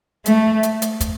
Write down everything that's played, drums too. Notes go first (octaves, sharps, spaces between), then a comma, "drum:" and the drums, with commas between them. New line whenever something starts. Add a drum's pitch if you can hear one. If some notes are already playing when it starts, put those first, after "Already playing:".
A3, drum: hi-hat
drum: hi-hat
drum: hi-hat
drum: kick, hi-hat